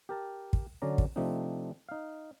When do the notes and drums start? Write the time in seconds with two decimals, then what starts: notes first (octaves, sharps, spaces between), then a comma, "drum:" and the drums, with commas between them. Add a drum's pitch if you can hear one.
0.09 G4 A#4 A5
0.53 drum: kick
0.82 D3 F#3 C#4 D5 A#5
0.98 drum: kick
1.16 C3 F3 A3 C4 D4 D#4
1.89 D#4 F5